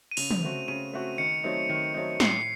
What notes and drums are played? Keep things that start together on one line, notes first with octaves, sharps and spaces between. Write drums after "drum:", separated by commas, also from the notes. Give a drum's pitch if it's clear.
D#7
C#3 F7, drum: open hi-hat
drum: tom
A3 C4 F#4
C#3 D#7
A3 C4 F#4
D#3 C#7
F#3 A3 C4 D#4
D#3
F#3 A3 C4 D#4
A2 C7, drum: snare